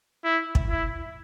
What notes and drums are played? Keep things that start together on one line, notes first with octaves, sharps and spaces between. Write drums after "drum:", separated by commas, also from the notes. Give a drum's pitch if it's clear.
E4
drum: kick
E4